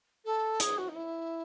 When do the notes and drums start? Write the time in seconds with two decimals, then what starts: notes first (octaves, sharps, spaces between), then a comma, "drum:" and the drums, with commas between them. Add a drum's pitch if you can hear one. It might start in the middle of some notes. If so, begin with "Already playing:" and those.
0.24 A4
0.60 G#4, drum: hi-hat
0.77 F#4
0.88 D#4
0.95 E4